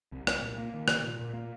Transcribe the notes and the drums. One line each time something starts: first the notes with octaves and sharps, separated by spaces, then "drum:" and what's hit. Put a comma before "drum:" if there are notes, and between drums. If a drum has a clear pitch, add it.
C2
C2, drum: rim click
A#2
A#3
D#3
C3, drum: rim click
A#2
A#2
A#3